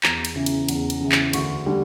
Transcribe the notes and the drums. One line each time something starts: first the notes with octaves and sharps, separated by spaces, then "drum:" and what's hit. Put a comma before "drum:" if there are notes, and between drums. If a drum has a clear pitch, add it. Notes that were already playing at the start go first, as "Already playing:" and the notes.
E2 A#5, drum: clap
drum: cymbal
C#3 E3
drum: cymbal
E2, drum: cymbal
drum: cymbal
C#3 E3
drum: clap
D2 C#6, drum: cymbal
D3 G3